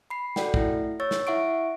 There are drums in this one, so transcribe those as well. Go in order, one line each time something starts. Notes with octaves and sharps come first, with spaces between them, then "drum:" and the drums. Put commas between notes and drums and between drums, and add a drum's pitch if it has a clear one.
B5 C7
F#4 A4 D5 F#5 G5, drum: snare
A3 E4, drum: kick
C#5 C#6 E6 A6
drum: snare
E4 E5 F#5 C#6 D7